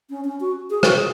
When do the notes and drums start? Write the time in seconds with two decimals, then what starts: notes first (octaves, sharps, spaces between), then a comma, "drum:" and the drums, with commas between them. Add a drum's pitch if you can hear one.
0.10 C#4
0.25 C#4
0.41 F#4
0.70 G#4
0.83 F#4, drum: rim click
0.96 G#4